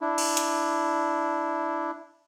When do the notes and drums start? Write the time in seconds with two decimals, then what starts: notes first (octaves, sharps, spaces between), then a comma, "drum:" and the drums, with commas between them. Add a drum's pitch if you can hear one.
0.01 D4 E4
0.18 drum: cymbal
0.37 drum: hi-hat